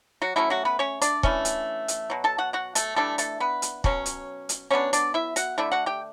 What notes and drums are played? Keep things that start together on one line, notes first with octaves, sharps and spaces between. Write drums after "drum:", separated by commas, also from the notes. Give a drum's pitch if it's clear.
F#3 F#4
F#3 A3 C#4 E4
F#3 F#4
B3 B4
C#4 C#5
D4 D5, drum: hi-hat
E3 A3 C#4, drum: kick
drum: hi-hat
drum: hi-hat
B2 F#3
A4 A5
F#4 F#5
F#4 F#5
A3 A4, drum: hi-hat
E3 G3 A3 D4 A4
A3 A4, drum: hi-hat
B3 B4
drum: hi-hat
B2 F#3 C#4, drum: kick
drum: hi-hat
drum: hi-hat
F#3 B3 C#4 D4 C#5
D4 D5, drum: hi-hat
E4 E5
F#4 F#5, drum: hi-hat
D3 A3 D4 E4 E5
F#4 F#5
G4 G5